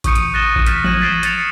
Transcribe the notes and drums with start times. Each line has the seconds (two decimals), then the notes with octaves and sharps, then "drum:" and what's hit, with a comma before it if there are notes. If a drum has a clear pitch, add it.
0.04 C#6 D#6 G6 C#7 D#7, drum: kick A1, hi-hat
0.15 drum: hi-hat
0.34 F#6 A6 A#6 D#7 E7 G7
0.56 drum: kick A1
0.66 F6 G6 A6 B6 E7, drum: hi-hat
0.84 G#6 D#7 E7 F#7, drum: tom E3
1.02 A6 B6 C7 D7 E7 G7
1.23 G6 A6 C#7 E7 F7, drum: hi-hat